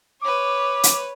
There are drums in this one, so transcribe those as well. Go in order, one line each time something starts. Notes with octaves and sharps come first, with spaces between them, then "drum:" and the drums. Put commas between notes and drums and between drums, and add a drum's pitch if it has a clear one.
B4 C#5 D6
drum: hi-hat